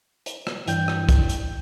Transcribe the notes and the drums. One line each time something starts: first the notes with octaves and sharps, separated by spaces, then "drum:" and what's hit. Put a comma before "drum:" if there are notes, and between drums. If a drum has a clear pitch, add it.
drum: hi-hat
drum: rim click
G2 E3 G5 G6, drum: hi-hat
drum: rim click
drum: kick, hi-hat
drum: hi-hat